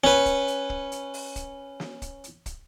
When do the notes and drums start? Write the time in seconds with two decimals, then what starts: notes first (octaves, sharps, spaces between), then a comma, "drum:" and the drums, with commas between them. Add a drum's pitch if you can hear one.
0.04 C#4 B4, drum: snare
0.26 drum: kick, hi-hat
0.48 drum: hi-hat
0.70 drum: kick
0.92 drum: hi-hat
1.14 drum: open hi-hat
1.36 drum: kick, hi-hat
1.80 drum: snare
2.02 drum: kick, hi-hat
2.24 drum: hi-hat
2.46 drum: kick, hi-hat